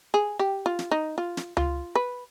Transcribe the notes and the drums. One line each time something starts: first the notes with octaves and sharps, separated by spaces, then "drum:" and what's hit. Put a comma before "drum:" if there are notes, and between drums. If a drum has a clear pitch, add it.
G#4
G4
F4
drum: snare
D#4
F4
drum: snare
F4, drum: tom C#2
B4